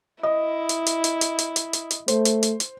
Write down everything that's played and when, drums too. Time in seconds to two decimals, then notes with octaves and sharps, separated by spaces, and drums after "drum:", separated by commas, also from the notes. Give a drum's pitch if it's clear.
0.23 E4 D#5
0.69 drum: hi-hat
0.86 drum: hi-hat
1.04 drum: hi-hat
1.21 drum: hi-hat
1.38 drum: hi-hat
1.56 drum: hi-hat
1.73 drum: hi-hat
1.91 drum: hi-hat
2.08 A3 C5, drum: hi-hat
2.25 drum: hi-hat
2.43 drum: hi-hat
2.60 drum: hi-hat